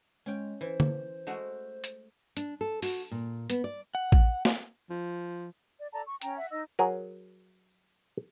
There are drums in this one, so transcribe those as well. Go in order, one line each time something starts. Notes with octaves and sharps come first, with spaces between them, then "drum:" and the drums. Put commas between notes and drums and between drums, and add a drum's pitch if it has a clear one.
G#3 C#4 G5
E3 C5
drum: tom D3
G#3 A3 F#4
drum: hi-hat
D4, drum: hi-hat
A4
F#4, drum: open hi-hat
A#2
B3, drum: hi-hat
D5
F#5
drum: kick A1
drum: snare
F3
D5
A4 D5 A5 A#5
C#6
C#4 G5 A#5, drum: hi-hat
E5 F#5
D#4 D#5 E6
F#3 G#4 A#4